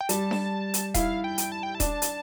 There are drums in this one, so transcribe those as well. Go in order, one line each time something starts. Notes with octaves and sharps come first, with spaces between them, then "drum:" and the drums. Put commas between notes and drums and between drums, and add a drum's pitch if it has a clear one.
G5
G3 A5, drum: hi-hat
drum: snare D4
drum: hi-hat
E4 F5, drum: kick D#1, hi-hat
G5
drum: hi-hat
A5
G5
A5
D4, drum: kick D#1, hi-hat
drum: hi-hat